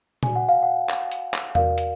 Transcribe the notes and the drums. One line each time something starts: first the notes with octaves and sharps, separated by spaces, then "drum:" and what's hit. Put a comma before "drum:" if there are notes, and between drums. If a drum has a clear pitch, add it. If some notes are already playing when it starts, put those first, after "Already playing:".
F#4 D5 G#5, drum: tom A#2
F#5
F5
F#5
drum: clap
drum: hi-hat
drum: clap
F#4 A#4 D5 F5, drum: tom E2
drum: hi-hat